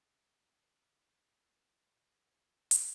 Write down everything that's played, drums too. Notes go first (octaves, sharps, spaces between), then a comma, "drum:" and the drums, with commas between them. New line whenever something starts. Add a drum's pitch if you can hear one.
D#3 D4 D#4 F4 G4
drum: hi-hat